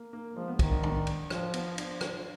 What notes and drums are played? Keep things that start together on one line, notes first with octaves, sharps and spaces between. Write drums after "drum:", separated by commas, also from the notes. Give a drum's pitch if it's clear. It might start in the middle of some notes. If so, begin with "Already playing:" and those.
Already playing: A#3
A#3
F3 G#3
B3
D#3 B3, drum: kick B1, cymbal
D4
D4, drum: tom
drum: cymbal
F3, drum: rim click
B3, drum: cymbal
D4, drum: cymbal
drum: rim click